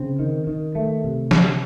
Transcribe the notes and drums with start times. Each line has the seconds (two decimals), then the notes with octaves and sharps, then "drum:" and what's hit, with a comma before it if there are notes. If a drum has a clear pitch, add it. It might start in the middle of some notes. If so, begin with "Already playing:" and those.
Already playing: C#3 C4
0.19 D#3
0.47 D#3
0.75 A3
1.04 C3
1.31 C3, drum: snare